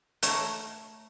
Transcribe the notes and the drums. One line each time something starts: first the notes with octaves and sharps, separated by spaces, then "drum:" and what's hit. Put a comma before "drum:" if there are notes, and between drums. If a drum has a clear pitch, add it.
A3 C#5 A#5, drum: hi-hat